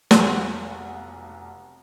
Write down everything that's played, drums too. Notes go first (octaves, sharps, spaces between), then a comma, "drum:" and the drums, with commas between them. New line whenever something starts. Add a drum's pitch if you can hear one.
F1 B1 G3 F#5 B5 D#7, drum: snare